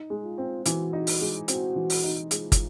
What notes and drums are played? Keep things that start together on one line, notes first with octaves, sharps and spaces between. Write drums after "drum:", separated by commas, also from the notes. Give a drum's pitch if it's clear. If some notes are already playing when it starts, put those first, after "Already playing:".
Already playing: D#4
G#3
F4
C4
E3 F#4, drum: hi-hat
D#4
drum: open hi-hat
G#3
C4 F#4, drum: hi-hat
E3
drum: open hi-hat
D#4
G#3 F4, drum: hi-hat
drum: kick, hi-hat